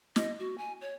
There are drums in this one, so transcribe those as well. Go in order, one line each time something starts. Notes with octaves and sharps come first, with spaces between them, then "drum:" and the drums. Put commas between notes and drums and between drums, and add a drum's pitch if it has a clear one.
D#5, drum: snare
F#4
G#5
C#5